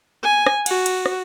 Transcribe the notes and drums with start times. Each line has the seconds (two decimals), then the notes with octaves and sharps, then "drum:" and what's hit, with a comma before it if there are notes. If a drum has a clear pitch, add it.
0.23 G#5
0.46 drum: rim click
0.66 F#4, drum: cymbal
0.86 drum: cymbal
1.06 drum: rim click